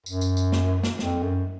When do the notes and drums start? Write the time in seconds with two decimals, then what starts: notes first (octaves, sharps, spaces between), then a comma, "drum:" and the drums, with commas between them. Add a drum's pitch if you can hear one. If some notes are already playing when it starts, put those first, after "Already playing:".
0.06 F#2, drum: tambourine
0.21 drum: tambourine
0.37 drum: tambourine
0.52 drum: snare
0.83 drum: snare
0.99 F2, drum: snare
1.23 F#2